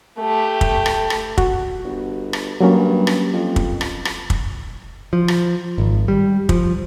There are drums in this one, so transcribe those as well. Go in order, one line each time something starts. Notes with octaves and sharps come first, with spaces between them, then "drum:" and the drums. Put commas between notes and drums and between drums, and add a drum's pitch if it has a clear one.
A3 G4
drum: kick
drum: rim click
drum: rim click
F#4, drum: kick
G1
drum: rim click
G2 F#3 A#3 C#4
drum: rim click
F2
drum: kick
drum: rim click
drum: rim click
drum: kick
F3
drum: rim click
G#1
G3
F3, drum: kick